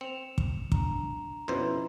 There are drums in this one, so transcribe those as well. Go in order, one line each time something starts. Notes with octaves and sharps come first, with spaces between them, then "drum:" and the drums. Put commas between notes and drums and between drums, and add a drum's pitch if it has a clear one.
C4 C#7 E7 F7
drum: kick
D4 A#5, drum: kick
F2 B2 C#4 E4 B4 C5 C6